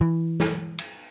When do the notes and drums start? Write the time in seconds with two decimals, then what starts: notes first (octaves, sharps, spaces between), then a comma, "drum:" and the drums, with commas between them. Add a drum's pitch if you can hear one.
0.01 E3
0.40 drum: snare
0.79 drum: cymbal